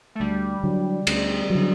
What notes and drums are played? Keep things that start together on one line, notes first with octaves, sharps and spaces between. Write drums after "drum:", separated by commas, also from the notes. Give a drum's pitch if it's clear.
A3
D2 G3
D3 F#3
D2, drum: cymbal
F#3
D3